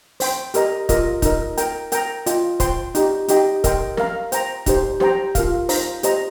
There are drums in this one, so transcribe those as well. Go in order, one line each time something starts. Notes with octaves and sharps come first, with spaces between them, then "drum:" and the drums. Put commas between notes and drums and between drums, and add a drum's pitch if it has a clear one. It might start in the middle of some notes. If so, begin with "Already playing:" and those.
C5 G5 C6, drum: open hi-hat
G4 A#4 D#5 A#5, drum: hi-hat
F4 A#4 D#5, drum: kick, hi-hat
D#4 A#4 D#5, drum: kick, hi-hat
A#4 G5 A#5, drum: hi-hat
A#4 G5 A#5, drum: hi-hat
F4 D#5 G5, drum: hi-hat
C5 G5 C6, drum: kick, hi-hat
D#4 G4 D#5, drum: hi-hat
D#4 G4 D#5 G5, drum: hi-hat
A#4 D#5 G5 C6, drum: kick, hi-hat
A#4 F5 A#5, drum: snare
C5 G5 A#5, drum: hi-hat
D#4 G4 C5, drum: kick, hi-hat
G4 C5 G5 A#5, drum: snare
F4 A#4 F5, drum: kick, hi-hat
D#4 C5 F5 A#5, drum: open hi-hat
G4 C5 D#5 A#5, drum: hi-hat